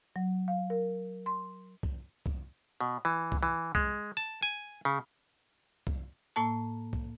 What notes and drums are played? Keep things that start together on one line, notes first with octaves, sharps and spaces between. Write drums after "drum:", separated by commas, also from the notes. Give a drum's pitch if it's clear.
F#3
F5
A#4
C6
drum: kick C2
drum: kick C2
B2
E3
drum: kick C2
E3
G#3, drum: kick C2
A5
G#5
C#3
drum: kick C2
A2 A#3 A5
drum: kick C2